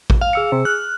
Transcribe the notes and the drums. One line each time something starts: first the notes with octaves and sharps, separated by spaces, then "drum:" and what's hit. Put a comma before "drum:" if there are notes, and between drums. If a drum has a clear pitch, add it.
drum: kick A1
F5
G#4 E6 C#7
C3
F6 F#6